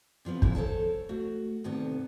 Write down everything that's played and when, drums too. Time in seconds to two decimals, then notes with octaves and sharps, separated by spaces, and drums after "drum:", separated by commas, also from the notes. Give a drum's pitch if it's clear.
0.25 C3 F3 B3 C4
0.42 A#2 D#3 A#3 E4 F4 G#4, drum: kick
0.55 A4 C5 C#5 A5
1.09 A3 F#4
1.64 D2 A2 C3 D#3 B3 A5